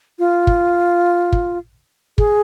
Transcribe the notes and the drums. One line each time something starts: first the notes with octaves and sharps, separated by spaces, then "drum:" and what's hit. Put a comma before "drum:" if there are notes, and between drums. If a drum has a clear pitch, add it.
F4
drum: kick
drum: kick
G#4, drum: kick